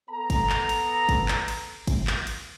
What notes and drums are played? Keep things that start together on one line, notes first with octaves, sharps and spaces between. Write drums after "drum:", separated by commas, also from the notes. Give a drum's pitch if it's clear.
B3 A4 A#5
drum: kick, cymbal
drum: clap
drum: cymbal
drum: kick, cymbal
drum: clap
drum: cymbal
drum: kick, cymbal
drum: clap
drum: cymbal